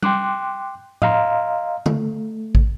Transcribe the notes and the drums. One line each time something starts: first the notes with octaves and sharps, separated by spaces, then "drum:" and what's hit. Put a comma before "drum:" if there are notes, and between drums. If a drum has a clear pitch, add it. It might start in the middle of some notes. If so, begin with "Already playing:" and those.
G5 C6 D6 F#6, drum: tom G3
D#5 F5 A#5 C6, drum: tom A2
A3, drum: tom D3
drum: kick A1